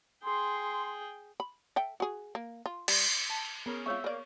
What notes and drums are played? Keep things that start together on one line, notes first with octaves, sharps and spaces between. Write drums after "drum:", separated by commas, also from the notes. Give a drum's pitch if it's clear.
G#4 G5 C6
B5
A4 E5 G5
F#4 G#4
A#3
F4
G3, drum: cymbal
A5
B3 C#4 G#4 A#4
C4 F4 G#4 C#5 E5 C#6
A#3 A#4 D5